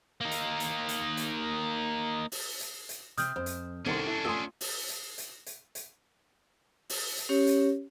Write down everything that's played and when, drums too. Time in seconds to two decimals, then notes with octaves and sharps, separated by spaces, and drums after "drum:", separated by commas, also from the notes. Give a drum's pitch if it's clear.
0.21 A#3 D#4
0.31 drum: hi-hat
0.60 drum: hi-hat
0.89 drum: hi-hat
1.17 drum: hi-hat
2.32 drum: open hi-hat
2.60 drum: hi-hat
2.89 drum: hi-hat
3.18 C3 C4 D#6 F6 G6, drum: hi-hat
3.36 F2 C5
3.46 drum: hi-hat
3.86 C2 D#3 C#4 D4 A4 C6
4.07 E4
4.25 A3 F4 G5 G#5 C6 D#6 E6
4.61 drum: open hi-hat
4.89 drum: hi-hat
5.18 drum: hi-hat
5.46 drum: hi-hat
5.75 drum: hi-hat
6.90 drum: open hi-hat
7.18 drum: hi-hat
7.29 C#4 G4 C#5
7.47 drum: hi-hat